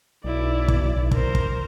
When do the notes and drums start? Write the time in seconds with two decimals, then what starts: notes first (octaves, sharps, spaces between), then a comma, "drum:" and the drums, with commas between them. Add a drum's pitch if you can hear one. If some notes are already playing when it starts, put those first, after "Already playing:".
0.24 B1 E4 D5
0.68 drum: kick
1.11 A#4 C5, drum: kick
1.35 drum: kick